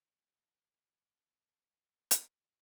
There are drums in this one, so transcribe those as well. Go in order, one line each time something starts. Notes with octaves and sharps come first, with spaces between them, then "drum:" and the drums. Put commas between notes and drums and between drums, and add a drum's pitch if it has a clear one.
F#4 B4 E5 A5
drum: hi-hat